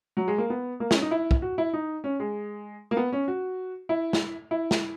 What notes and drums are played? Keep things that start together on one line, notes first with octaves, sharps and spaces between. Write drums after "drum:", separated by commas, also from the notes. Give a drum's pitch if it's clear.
F#3
G#3
A#3
B3
A#3
C#4, drum: snare
D#4
E4
drum: kick
F#4
E4
D#4
C#4
G#3
A#3
B3
C#4
F#4
E4
drum: snare
E4
drum: snare